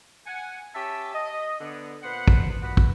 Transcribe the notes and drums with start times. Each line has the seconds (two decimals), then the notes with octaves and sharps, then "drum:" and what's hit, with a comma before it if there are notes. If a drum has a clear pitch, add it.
0.27 F#5 G#5
0.74 C#4 G4 E5 A5
1.13 D#5
1.59 D3 B3
2.03 A#2 B3 C5 F#5
2.28 drum: kick
2.61 A#2 B3 F#4 B4 F#5 B5
2.77 drum: kick